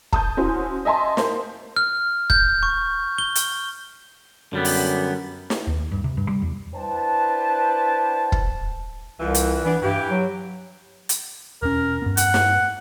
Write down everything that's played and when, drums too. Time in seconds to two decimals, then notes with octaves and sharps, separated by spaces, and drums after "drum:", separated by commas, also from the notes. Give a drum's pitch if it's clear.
0.13 A5 D#6 G6, drum: kick
0.37 C#4 E4 F#4 C5
0.85 D#5 E5 G#5 A5 C6
1.17 A#3 C5, drum: snare
1.76 F6
2.30 G6, drum: kick
2.63 C#6
3.18 G7
3.35 drum: hi-hat
4.53 F#2 D3 G3 B3
4.65 drum: open hi-hat
5.50 drum: snare
5.67 D#2
5.92 G2
6.04 C3
6.17 G2
6.29 G3
6.42 E2
6.75 D4 E4 B4 C5 G5 A5
8.32 drum: kick
9.19 C2 F2 A#2 E3
9.35 drum: hi-hat
9.64 E3 B3 D4
9.82 G2 E3 G4
10.10 F#3
11.09 drum: hi-hat
11.62 E1 C#4 A#4
12.02 G2 B3
12.17 F#5, drum: hi-hat
12.34 drum: snare